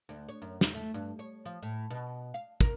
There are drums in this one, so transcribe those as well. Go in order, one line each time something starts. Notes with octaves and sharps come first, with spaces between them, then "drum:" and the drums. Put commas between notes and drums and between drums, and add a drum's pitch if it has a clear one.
D2
C#5
F#2
drum: snare
A3
G2
C#5
F3
A2
B2
F5
A#4, drum: kick